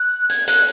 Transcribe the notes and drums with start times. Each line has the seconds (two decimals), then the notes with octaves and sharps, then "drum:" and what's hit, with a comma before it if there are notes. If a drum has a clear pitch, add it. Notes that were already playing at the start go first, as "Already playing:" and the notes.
Already playing: F#6
0.30 G#6, drum: hi-hat
0.47 F#6, drum: hi-hat